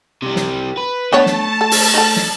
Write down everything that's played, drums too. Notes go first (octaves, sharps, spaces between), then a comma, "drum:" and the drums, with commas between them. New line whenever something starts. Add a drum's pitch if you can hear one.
C3 G3
drum: snare
B4
A3 B3 D4 C#5 A5
drum: snare
A4
drum: open hi-hat
D#4 A4
drum: snare